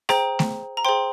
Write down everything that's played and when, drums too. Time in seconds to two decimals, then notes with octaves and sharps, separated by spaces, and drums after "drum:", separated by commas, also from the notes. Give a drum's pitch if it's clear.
0.09 G#4 C5 G5 A#5, drum: rim click
0.39 drum: snare A3
0.77 A#5
0.85 G#4 C5 G5 C6